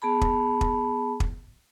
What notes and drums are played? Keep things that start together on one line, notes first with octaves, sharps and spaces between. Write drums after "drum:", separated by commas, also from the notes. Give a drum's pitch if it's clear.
B3 G#4 A5 B5
drum: kick
drum: kick
drum: kick